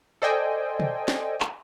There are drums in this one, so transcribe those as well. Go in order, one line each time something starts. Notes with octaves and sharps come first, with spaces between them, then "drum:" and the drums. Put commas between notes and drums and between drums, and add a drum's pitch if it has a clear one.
A4 C5 D5 D#5 G5 G#5
drum: tom
drum: snare
drum: clap